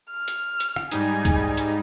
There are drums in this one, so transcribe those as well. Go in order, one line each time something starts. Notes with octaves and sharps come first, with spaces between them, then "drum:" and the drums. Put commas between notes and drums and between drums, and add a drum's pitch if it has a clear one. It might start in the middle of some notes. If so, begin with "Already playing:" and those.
F6
drum: hi-hat
drum: hi-hat
drum: rim click
G#2 G3 D#4 G#5, drum: hi-hat
drum: kick C2, hi-hat
drum: hi-hat